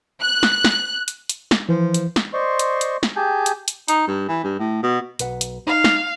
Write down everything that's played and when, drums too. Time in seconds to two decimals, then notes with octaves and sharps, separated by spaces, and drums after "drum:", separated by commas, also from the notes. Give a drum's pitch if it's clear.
0.21 F#6
0.43 drum: snare
0.64 drum: snare
1.08 drum: hi-hat
1.29 drum: hi-hat
1.51 drum: snare
1.69 E3 F3
1.94 drum: hi-hat
2.16 drum: snare
2.34 C5 D5 D#5 C6 C#6
2.59 drum: hi-hat
2.81 drum: hi-hat
3.03 drum: snare
3.16 G4 G#4 G#5 A5 G6
3.46 drum: hi-hat
3.68 drum: hi-hat
3.88 D#4, drum: hi-hat
4.07 G2
4.28 E3
4.44 G2
4.59 A2
4.83 B2
5.19 B1 B4 F#5, drum: hi-hat
5.41 drum: hi-hat
5.67 D#4 F5
5.84 drum: snare